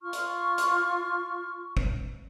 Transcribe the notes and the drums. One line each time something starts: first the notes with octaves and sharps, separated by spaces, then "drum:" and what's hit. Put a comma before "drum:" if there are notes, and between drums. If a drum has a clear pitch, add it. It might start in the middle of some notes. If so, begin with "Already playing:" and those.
F4 C#6 F6
drum: hi-hat
drum: hi-hat
drum: kick